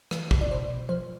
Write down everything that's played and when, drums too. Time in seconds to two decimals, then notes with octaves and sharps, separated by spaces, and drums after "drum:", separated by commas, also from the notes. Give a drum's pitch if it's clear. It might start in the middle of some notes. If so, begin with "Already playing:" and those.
0.11 E3, drum: rim click
0.31 A2, drum: kick
0.41 D5
0.51 B2 C5
0.70 B2
0.89 F3 C5